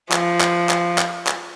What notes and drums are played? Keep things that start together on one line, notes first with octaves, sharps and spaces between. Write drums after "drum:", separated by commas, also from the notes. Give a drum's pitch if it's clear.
F3, drum: clap
drum: clap
drum: clap
drum: clap
drum: clap